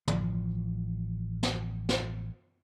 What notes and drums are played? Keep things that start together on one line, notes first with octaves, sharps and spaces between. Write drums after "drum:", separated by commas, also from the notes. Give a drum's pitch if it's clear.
A1 F3, drum: tom
drum: snare
drum: snare